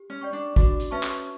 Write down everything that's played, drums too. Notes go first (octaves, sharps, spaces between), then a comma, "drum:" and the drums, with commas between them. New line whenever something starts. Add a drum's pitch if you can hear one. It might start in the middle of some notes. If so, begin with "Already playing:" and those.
Already playing: G4
C#4
D5 G5 C#6
D4
D4 F#4, drum: kick
drum: hi-hat
C#4 B4 E5 A5 C#6
drum: clap